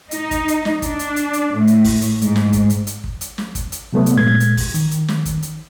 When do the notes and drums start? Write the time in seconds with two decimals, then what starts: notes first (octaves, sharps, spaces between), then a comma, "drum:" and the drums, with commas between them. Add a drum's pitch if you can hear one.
0.11 D#4, drum: hi-hat
0.31 drum: kick, hi-hat
0.48 drum: hi-hat
0.65 drum: snare
0.82 D4, drum: kick, hi-hat
0.99 drum: hi-hat
1.16 drum: hi-hat
1.33 drum: hi-hat
1.55 A2
1.67 drum: hi-hat
1.84 drum: kick, open hi-hat
2.01 drum: hi-hat
2.21 G#2, drum: hi-hat
2.36 drum: snare
2.53 drum: kick, hi-hat
2.70 drum: hi-hat
2.87 drum: hi-hat
3.04 drum: kick
3.21 drum: hi-hat
3.38 drum: snare
3.55 drum: kick, hi-hat
3.72 drum: hi-hat
3.93 C3 F#3 A3 B3
4.06 drum: hi-hat
4.17 G2 A#2 G#3 G#6
4.40 drum: hi-hat
4.57 drum: kick, open hi-hat
4.74 D#3, drum: hi-hat
4.91 drum: hi-hat
5.08 drum: snare
5.25 drum: kick, hi-hat
5.43 drum: hi-hat